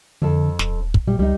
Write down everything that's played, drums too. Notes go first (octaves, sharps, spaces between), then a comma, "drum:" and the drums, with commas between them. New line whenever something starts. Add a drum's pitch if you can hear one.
F2 D3 A4
D#1, drum: snare
drum: kick
A#2 G3
C#2 G3 D#4